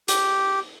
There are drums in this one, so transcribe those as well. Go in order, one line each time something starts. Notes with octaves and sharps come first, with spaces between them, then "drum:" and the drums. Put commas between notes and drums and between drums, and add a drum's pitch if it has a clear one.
G4, drum: hi-hat